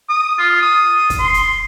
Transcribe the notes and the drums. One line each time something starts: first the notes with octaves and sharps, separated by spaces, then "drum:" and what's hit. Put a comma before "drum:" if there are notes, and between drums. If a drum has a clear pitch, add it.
D#6
F4
D#6
drum: kick, hi-hat
C6
drum: hi-hat